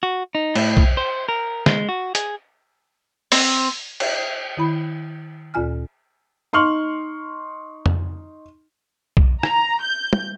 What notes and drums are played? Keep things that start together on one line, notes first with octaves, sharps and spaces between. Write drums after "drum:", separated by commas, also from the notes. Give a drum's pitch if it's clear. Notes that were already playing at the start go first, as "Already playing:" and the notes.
F#4
D#4
A2, drum: cymbal
drum: kick B1
C5
A#4
G#3, drum: snare
F#4
G#4, drum: hi-hat
C4, drum: open hi-hat
drum: cymbal
D#3 E4 B5
D2 A#2 F4 G#5 F6
D#4 C6 C#6 F6 F#7
drum: tom F2
drum: kick B1
A#5, drum: rim click
G6
drum: tom